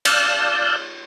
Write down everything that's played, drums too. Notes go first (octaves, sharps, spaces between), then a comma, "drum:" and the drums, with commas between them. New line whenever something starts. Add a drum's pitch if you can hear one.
D5 F5 A5 E6 F#6 G6, drum: cymbal